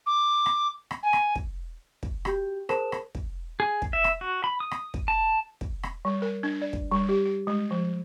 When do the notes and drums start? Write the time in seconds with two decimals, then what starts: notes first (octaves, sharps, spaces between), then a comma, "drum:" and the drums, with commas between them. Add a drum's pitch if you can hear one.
0.06 D6
0.46 drum: rim click
0.91 drum: rim click
1.02 G#5
1.13 drum: rim click
1.35 drum: kick
2.03 drum: kick
2.25 F#4 G4 G5 G6, drum: rim click
2.69 G#4 A#4 C5 A5 D#6 E7, drum: rim click
2.92 drum: rim click
3.15 drum: kick
3.60 G#4
3.82 drum: kick
3.93 E5
4.04 drum: rim click
4.21 F#4
4.44 B5
4.60 D#6
4.71 drum: rim click
4.94 drum: kick
5.08 A5
5.61 drum: kick
5.83 drum: rim click
6.05 G3
6.22 A#4
6.43 D4
6.62 D5
6.73 drum: kick
6.92 G3
7.09 G4
7.25 G4
7.47 G#3
7.71 F3